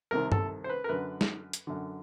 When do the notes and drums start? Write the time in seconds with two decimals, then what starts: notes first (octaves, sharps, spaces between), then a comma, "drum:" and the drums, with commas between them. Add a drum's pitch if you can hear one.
0.11 C2 C3 D#3 A#4
0.32 A4, drum: tom G2
0.64 C5
0.69 B4
0.84 A#4
0.89 F#2 D3 B4
1.21 drum: snare
1.53 drum: hi-hat
1.67 F#2 D3